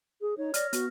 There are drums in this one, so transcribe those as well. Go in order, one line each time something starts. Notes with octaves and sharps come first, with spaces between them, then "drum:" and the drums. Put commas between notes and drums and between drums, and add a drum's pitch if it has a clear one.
G#4
D#4 C#5
D5 F6 A#6, drum: hi-hat
B3 F#4, drum: hi-hat